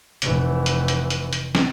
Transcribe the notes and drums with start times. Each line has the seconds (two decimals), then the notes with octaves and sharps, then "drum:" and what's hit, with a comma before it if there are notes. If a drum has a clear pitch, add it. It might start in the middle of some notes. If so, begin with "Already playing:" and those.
0.22 F1 E3, drum: hi-hat
0.66 drum: hi-hat
0.88 drum: hi-hat
1.10 drum: hi-hat
1.33 drum: hi-hat
1.55 drum: snare